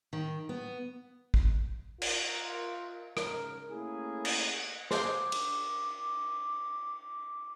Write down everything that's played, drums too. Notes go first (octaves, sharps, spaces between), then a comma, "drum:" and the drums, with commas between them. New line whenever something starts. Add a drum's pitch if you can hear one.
D#3
B3
drum: kick
F4 A#4, drum: cymbal
G#2 C#3 A#4, drum: rim click
A3 A#3 C#4 E4 G#4
drum: cymbal
G#4 C5 C6 D6, drum: snare
drum: cymbal